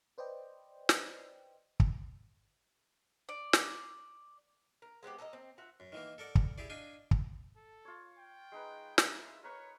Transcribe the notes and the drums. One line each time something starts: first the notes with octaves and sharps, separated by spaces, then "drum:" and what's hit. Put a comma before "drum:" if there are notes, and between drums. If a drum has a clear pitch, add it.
B4 C5 D5 D#5 G5
drum: snare
drum: kick
D5
drum: snare
A#4
G#3 B3 C4 G4
A4 A#4 C5 D#5
C4
F4 F#4 E5
F#2
D#3 E3 A#3
A4 A#4 D5 F#5
drum: kick
E4 G4 G#4 D5
D4 D#5 F5 G5 G#5
drum: kick
A4
F4 C#5
G5
G#3 D#4 B4
E5, drum: snare
A#4 B4 C#5 C#6